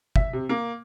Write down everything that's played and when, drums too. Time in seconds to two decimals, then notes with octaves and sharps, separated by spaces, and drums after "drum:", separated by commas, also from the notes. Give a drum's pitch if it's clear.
0.16 E5, drum: kick
0.33 C3
0.49 A#3